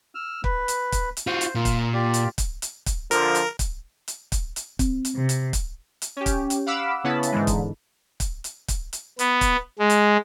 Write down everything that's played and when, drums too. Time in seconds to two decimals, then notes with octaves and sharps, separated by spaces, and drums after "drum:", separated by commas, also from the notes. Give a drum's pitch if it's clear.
0.15 E6 F6
0.44 B4, drum: kick
0.68 drum: hi-hat
0.92 drum: kick, hi-hat
1.17 drum: hi-hat
1.27 F4 F#4 C5
1.41 drum: hi-hat
1.55 A#2 F4
1.65 drum: kick, hi-hat
1.94 F4 G4 D5
2.14 drum: hi-hat
2.38 drum: kick, hi-hat
2.62 drum: hi-hat
2.86 drum: kick, hi-hat
3.11 D3 F3 A#4, drum: hi-hat
3.35 drum: hi-hat
3.59 drum: kick, hi-hat
4.08 drum: hi-hat
4.32 drum: kick, hi-hat
4.56 drum: hi-hat
4.79 C4, drum: kick, hi-hat
5.05 drum: hi-hat
5.15 C3
5.29 drum: hi-hat
5.53 drum: kick, hi-hat
6.02 drum: hi-hat
6.17 C#4 G4
6.26 drum: kick, hi-hat
6.50 drum: hi-hat
6.66 F5 F#5 B5 D6 E6
7.04 C#3 B3 C#4 E4 A5 B5
7.23 drum: hi-hat
7.32 G#2 D3 E3 G#3
7.47 drum: kick, hi-hat
8.20 drum: kick, hi-hat
8.44 drum: hi-hat
8.68 drum: kick, hi-hat
8.93 drum: hi-hat
9.19 B3, drum: hi-hat
9.41 drum: kick, hi-hat
9.79 G#3
9.90 drum: hi-hat